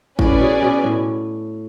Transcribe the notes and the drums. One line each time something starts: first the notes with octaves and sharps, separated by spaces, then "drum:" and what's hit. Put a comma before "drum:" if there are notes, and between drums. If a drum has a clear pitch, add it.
A2 C#4 G#4 B4 D5 G#5, drum: kick
B2
B2
A2